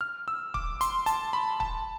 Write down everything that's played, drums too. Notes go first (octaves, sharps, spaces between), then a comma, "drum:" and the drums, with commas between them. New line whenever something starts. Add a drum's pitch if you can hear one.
F6
E6
D6, drum: kick
C6, drum: hi-hat
A5, drum: hi-hat
B5
A5, drum: kick